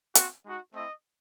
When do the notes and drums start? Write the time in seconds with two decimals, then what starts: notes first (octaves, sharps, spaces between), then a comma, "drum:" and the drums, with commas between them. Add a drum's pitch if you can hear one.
0.15 C4 F#4, drum: hi-hat
0.45 G#3 D#4 F#4
0.74 A3 C4 E4 D#5